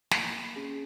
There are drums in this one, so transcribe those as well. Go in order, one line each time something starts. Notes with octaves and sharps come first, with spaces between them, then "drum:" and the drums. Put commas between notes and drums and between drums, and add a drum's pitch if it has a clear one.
A#3 B5, drum: snare
C#4 G#4